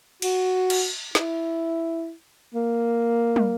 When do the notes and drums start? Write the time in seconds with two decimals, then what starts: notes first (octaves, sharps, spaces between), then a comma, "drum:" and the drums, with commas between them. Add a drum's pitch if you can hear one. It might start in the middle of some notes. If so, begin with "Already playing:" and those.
0.22 F#4, drum: cymbal
0.70 drum: cymbal
1.15 E4, drum: snare
2.54 A#3
3.36 drum: tom